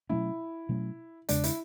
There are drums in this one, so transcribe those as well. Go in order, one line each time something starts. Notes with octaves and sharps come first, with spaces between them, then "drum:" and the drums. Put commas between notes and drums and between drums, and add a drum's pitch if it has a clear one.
B2 F#3 A3 C#4 E4
B2 F#3 A3 C#4
E2 C#3 G#3 D4, drum: hi-hat
E4, drum: hi-hat